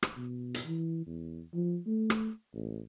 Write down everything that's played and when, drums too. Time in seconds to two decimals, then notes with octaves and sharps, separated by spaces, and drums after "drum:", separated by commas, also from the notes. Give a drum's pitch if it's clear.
0.03 drum: rim click
0.17 B2
0.54 drum: hi-hat
0.65 E3
1.06 E2
1.54 F3
1.86 A3
2.10 drum: rim click
2.53 A1